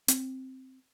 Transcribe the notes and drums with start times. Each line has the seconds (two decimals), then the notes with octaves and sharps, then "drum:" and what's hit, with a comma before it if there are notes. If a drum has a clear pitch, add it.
0.08 C4, drum: hi-hat